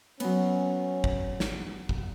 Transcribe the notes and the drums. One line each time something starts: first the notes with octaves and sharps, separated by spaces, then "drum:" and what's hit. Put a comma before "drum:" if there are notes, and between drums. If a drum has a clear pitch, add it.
F#3 B3 C#4, drum: cymbal
drum: kick
drum: snare
drum: kick